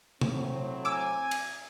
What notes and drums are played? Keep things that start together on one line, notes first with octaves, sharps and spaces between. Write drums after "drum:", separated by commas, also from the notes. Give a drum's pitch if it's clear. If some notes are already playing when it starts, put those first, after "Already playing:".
A2 F#3 C4, drum: tom
G#5 D6 E6
drum: cymbal